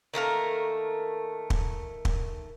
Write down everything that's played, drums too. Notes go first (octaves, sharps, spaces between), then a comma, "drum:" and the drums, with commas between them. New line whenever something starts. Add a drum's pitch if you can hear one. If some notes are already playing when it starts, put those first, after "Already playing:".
D#3 A3 A#3 A#4
drum: kick
drum: kick